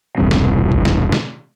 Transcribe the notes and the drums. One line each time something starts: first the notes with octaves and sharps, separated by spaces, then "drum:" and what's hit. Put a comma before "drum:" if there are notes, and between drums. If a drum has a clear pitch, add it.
E1 C2 G2 C4
drum: snare
drum: kick
drum: snare
drum: snare